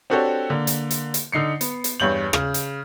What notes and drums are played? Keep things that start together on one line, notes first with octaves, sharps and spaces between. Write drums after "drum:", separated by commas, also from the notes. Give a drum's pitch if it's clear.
C4 D4 F#4 G4 A4 C#5
D3 A#3
drum: hi-hat
drum: hi-hat
drum: hi-hat
D3 D#4 C7 C#7
B3, drum: hi-hat
drum: hi-hat
E2 G2 C#5 G6 F#7
C#3, drum: rim click
drum: hi-hat